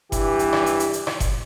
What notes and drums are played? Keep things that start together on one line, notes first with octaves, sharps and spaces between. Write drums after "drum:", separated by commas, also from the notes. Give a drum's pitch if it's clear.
G2 E3 G4, drum: kick F#1, hi-hat
drum: hi-hat
drum: rim click
drum: hi-hat
drum: hi-hat
drum: hi-hat
drum: rim click
drum: kick F#1, hi-hat